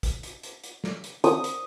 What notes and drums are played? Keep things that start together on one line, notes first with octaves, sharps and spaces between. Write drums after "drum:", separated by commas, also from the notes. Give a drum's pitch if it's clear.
drum: kick, hi-hat
drum: hi-hat
drum: hi-hat
drum: hi-hat
drum: snare
drum: hi-hat
D#6, drum: hi-hat
drum: hi-hat